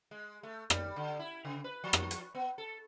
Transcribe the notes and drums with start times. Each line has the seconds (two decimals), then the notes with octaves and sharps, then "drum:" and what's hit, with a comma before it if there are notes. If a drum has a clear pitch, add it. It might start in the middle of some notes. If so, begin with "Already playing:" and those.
0.11 G#3
0.43 A3
0.70 G3, drum: rim click
0.96 D3
1.19 E4
1.45 C#3
1.64 B4
1.84 F3
1.93 drum: rim click
2.11 drum: hi-hat
2.35 B3
2.58 A4